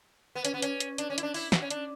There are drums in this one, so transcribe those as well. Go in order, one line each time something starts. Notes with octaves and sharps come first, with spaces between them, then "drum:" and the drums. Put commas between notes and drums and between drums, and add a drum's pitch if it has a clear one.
B3
C#4, drum: hi-hat
B3
C#4, drum: hi-hat
drum: hi-hat
D4, drum: hi-hat
C#4
E4, drum: hi-hat
D4
E4, drum: open hi-hat
F#4, drum: snare
C#4
D4, drum: hi-hat